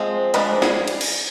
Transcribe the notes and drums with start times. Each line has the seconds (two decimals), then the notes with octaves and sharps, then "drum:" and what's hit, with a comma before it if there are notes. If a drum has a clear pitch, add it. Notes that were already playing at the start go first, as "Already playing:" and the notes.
Already playing: F3 G#3 C4
0.34 F3 G#3 D4 B4, drum: hi-hat
0.62 G#4, drum: snare
0.88 drum: cymbal
1.01 drum: cymbal